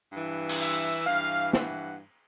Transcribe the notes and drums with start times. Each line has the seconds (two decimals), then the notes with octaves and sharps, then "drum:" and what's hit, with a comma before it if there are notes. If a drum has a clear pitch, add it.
0.12 G2 E3
0.49 drum: cymbal
0.60 E5
1.06 G2 E3 F5
1.53 F#5, drum: snare